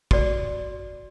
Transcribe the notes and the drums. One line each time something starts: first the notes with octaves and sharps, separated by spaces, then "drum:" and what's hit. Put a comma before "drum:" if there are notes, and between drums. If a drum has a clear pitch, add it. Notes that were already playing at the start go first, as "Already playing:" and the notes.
F#4 D5, drum: kick